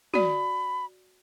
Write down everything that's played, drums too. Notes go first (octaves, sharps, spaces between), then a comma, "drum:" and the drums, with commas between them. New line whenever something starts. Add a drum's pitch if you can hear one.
F#4 D5 B5, drum: tom